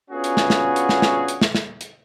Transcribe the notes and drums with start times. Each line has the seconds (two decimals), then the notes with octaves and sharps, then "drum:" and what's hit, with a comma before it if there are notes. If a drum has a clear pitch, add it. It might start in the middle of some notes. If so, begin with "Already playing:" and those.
0.11 B3 C#4 D4 F4 F#4 G#4
0.24 drum: hi-hat
0.37 drum: snare
0.50 drum: snare
0.76 drum: hi-hat
0.89 drum: snare
1.02 drum: snare
1.28 drum: hi-hat
1.41 drum: snare
1.55 drum: snare
1.81 drum: hi-hat